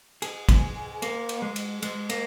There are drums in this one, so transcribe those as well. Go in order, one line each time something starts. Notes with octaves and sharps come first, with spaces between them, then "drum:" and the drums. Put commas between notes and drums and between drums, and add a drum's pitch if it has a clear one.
G#4, drum: cymbal
drum: kick, cymbal
A#3, drum: cymbal
drum: cymbal
G#3
drum: cymbal
G#3, drum: cymbal
A#3, drum: cymbal